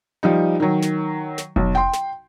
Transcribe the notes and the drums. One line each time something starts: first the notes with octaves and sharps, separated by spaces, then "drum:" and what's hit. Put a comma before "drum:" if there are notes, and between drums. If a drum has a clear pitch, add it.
F3 G3 D#4
D#3 F#3
drum: snare
drum: snare
B1, drum: kick F1
G5 C6
drum: snare